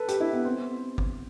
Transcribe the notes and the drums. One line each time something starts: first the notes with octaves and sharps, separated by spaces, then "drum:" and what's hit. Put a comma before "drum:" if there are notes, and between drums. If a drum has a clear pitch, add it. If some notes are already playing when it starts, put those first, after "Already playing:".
Already playing: A4 B4
G4, drum: hi-hat
E4
B3
C4
drum: kick